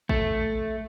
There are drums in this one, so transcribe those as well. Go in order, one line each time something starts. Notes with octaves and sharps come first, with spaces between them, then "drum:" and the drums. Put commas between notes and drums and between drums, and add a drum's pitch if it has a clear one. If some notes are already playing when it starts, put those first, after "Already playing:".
A3, drum: kick A1